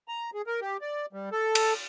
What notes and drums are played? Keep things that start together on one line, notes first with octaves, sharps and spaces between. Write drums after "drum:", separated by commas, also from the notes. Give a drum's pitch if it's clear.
A#5
G#4
A#4
G4
D5
G3
A4
drum: cymbal